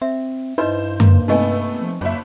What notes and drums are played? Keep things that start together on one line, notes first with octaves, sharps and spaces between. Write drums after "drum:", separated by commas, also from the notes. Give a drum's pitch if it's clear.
C4 E5
G2 D#4 E4 B4 C5 D#5
A#3, drum: tom F#2
C3 A3 B3 D#4 D#5 G#5
F3
F#1 F#2 A#3 E5